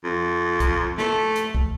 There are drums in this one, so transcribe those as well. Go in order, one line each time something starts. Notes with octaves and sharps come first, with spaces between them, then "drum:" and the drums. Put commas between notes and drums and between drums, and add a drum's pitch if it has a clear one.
F2
drum: kick, hi-hat
A3, drum: snare
drum: hi-hat
drum: kick